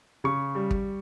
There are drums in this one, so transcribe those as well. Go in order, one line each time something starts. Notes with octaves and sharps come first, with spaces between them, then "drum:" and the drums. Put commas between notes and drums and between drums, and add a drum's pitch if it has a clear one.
C#3 C#6
G3
drum: kick